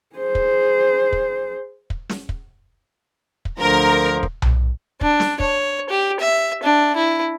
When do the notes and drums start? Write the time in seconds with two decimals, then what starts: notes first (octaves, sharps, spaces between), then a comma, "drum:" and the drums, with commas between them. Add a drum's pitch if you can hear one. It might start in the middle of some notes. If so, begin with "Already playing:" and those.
0.16 G#4 C5
0.35 drum: kick
1.13 drum: kick
1.90 drum: kick
2.09 drum: snare
2.29 drum: kick
3.45 drum: kick
3.60 D2 D3 F3 A#4
4.23 drum: kick
4.42 drum: tom B1
5.01 D4, drum: kick
5.20 drum: snare
5.40 C#5, drum: kick
5.89 G4
6.20 E5
6.63 D4
6.96 E4